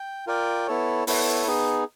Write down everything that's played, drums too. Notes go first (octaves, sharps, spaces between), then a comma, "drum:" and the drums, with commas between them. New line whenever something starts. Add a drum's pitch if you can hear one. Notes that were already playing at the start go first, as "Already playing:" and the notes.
Already playing: G5
F4 A#4 D5 G5
B3 E4 A4 C#5
B3 E4 A4 C#5, drum: open hi-hat
B3 D#4 G#4